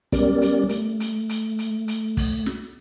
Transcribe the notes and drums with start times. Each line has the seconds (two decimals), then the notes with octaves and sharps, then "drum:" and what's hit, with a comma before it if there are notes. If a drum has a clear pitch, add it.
0.12 G3 B3 C#4 G4 A#4 D5, drum: kick, hi-hat
0.42 drum: hi-hat
0.69 A3, drum: hi-hat
1.00 drum: hi-hat
1.29 drum: hi-hat
1.59 drum: hi-hat
1.88 drum: hi-hat
2.17 drum: kick, open hi-hat
2.46 drum: snare